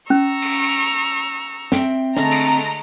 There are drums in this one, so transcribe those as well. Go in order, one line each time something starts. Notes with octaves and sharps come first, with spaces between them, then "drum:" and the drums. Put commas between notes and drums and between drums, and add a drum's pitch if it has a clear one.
C#4 A#5 C#6 E6
drum: cymbal
drum: cymbal
C4 E5 G5, drum: snare
D3 G#3 A3 A#5, drum: snare
drum: cymbal